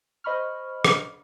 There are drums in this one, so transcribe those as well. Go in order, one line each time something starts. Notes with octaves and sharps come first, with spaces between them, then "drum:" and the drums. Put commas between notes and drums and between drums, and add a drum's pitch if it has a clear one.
C5 D#5 B5 C#6 F6
drum: rim click